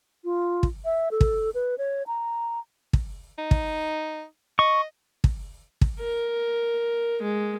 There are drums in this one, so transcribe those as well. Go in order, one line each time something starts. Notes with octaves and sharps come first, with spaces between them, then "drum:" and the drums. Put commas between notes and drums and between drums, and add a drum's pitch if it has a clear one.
F4
drum: kick
E5
A4
drum: kick
B4
C#5
A#5
drum: kick
D#4
drum: kick
D#5 C#6
drum: kick
drum: kick
A#4
G#3